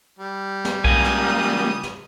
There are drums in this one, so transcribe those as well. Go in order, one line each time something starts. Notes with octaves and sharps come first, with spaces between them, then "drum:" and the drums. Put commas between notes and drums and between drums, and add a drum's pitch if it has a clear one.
G3
drum: snare
C#2 A#3 G#5 D#6, drum: kick B1
drum: snare
drum: snare